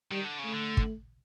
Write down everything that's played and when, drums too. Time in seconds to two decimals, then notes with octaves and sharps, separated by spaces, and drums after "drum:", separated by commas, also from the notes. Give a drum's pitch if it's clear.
0.11 D#3 G3
0.24 D3
0.39 C#3
0.44 A3
0.52 D3
0.77 drum: kick